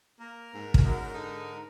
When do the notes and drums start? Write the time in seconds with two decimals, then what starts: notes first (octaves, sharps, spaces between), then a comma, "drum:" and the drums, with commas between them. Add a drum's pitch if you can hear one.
0.20 A#3 A#4
0.54 G#2
0.74 drum: kick
0.84 F#2
1.14 D3 D#4